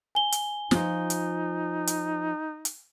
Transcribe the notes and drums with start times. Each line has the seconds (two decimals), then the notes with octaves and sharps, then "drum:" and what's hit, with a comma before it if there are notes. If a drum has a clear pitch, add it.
0.15 G#5 G7
0.32 drum: hi-hat
0.71 F3 D#4 F4, drum: snare
1.10 drum: hi-hat
1.87 drum: hi-hat
2.65 drum: hi-hat